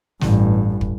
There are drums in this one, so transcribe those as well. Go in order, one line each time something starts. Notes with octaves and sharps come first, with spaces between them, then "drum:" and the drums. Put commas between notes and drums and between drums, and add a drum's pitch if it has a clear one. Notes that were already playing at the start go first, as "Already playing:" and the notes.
A1 G2, drum: snare
drum: kick